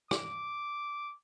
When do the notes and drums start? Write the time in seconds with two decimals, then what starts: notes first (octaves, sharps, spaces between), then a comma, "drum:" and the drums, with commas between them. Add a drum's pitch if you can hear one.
0.11 D6, drum: rim click